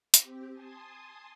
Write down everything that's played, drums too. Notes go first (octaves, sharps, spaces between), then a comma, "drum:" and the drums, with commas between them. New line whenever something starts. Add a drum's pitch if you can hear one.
C4 G4, drum: hi-hat
G#5 A5 C6 D#6